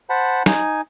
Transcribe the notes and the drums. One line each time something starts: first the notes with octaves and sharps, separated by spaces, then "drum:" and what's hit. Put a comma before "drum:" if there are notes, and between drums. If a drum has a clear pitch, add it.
C5 F#5 A5 B5
D#4 G#5, drum: snare